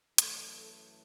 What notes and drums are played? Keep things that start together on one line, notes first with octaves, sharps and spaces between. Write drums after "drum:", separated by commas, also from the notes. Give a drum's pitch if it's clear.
F#2 E3 A3 A4, drum: hi-hat
A4